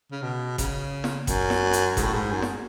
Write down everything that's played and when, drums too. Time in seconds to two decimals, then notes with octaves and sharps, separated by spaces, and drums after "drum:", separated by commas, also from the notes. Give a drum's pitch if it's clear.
0.12 C#3
0.22 B2
0.58 C#3, drum: kick F#1, hi-hat
1.04 drum: snare
1.27 F#2, drum: kick F#1, hi-hat
1.50 drum: snare
1.73 drum: hi-hat
1.97 G#2, drum: kick F#1, hi-hat
2.04 A2
2.13 G#2
2.31 F#2
2.42 drum: snare